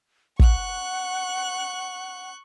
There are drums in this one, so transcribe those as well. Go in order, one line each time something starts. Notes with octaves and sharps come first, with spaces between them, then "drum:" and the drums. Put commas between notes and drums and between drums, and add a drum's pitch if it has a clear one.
F#5 C#6 F#6, drum: kick